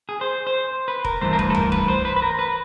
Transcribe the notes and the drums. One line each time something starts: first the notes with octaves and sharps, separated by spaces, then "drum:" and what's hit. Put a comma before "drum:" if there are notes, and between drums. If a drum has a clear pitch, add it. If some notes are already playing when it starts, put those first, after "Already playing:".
G#4
C5
C5
B4
A#4, drum: kick D#1
G2 E3 A3 C5
A#4
B4, drum: kick D#1
A4
A#4, drum: tom C#2
B4, drum: kick D#1
C5
B4
B4
A#4
B4